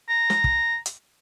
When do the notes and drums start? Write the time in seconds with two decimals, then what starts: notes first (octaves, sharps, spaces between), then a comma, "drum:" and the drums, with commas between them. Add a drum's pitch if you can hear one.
0.09 A#5
0.30 drum: snare
0.44 drum: kick
0.86 drum: hi-hat